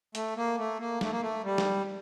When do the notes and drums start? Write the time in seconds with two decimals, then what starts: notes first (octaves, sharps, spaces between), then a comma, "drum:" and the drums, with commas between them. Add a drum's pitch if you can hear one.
0.15 A3, drum: hi-hat
0.37 A#3
0.59 A3
0.80 A#3
1.01 A3, drum: snare
1.11 A#3
1.21 A3
1.44 G3
1.58 drum: snare